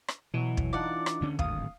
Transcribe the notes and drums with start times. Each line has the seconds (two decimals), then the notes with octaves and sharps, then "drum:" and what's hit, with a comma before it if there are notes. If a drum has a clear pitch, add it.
0.08 drum: rim click
0.34 B2 E3 F#3
0.57 drum: kick
0.73 D4 D#4 F4 D5 F#5
1.06 drum: rim click
1.21 D2 D3 C#4
1.39 D1 G#1 D2 F5 D#6, drum: kick